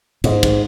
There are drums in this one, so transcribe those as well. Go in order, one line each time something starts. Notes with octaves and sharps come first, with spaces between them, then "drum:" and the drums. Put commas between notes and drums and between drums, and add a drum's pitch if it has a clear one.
G#2, drum: cymbal
drum: kick, cymbal